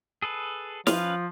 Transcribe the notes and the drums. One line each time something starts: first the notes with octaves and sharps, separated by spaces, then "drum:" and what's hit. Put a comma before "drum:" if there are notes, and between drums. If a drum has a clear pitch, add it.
G#4 A4 B4
F3 C#4 B4 F5, drum: snare